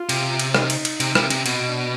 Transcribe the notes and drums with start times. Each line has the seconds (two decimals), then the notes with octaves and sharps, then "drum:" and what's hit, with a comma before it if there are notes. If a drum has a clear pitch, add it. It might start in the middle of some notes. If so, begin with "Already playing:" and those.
Already playing: F4
0.09 C3, drum: cymbal
0.39 drum: cymbal
0.54 D#4, drum: rim click
0.70 drum: cymbal
0.85 drum: cymbal
1.00 C3, drum: cymbal
1.15 C3, drum: rim click
1.30 C3, drum: cymbal
1.46 B2 C4, drum: cymbal
1.68 D4